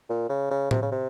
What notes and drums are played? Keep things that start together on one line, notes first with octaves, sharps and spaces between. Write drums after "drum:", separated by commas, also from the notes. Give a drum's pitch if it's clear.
A#2
C#3
C#3
C3, drum: tom A2
C#3
C3